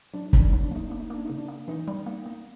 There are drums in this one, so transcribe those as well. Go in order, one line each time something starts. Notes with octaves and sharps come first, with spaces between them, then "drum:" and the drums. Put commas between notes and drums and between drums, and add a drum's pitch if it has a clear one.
F#3 D4
D#4
F#3, drum: kick
D4
F#3 D#4
D4
A#3 D#4
A#3 D4
D#4
A#3 D4
C#3 D#4
D4
A#3
E3 D#4
G3
A#3
A#3